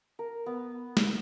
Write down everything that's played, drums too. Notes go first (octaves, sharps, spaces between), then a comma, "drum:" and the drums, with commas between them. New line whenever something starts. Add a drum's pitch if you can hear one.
A#4
B3
drum: snare